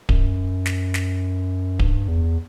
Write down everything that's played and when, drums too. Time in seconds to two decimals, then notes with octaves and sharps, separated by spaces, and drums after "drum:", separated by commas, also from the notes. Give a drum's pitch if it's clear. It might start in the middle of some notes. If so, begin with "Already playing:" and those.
0.09 F#2, drum: kick D1
0.66 drum: snare
0.94 drum: snare
1.79 G2, drum: kick D1
2.08 E2